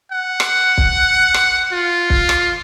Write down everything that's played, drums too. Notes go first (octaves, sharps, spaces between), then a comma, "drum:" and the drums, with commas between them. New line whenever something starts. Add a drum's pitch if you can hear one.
F#5
drum: rim click
drum: kick
drum: rim click
F4
drum: kick
drum: rim click